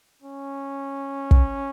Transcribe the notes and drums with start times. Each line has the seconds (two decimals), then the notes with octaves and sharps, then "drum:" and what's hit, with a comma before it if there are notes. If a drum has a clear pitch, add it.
0.22 C#4
1.31 drum: kick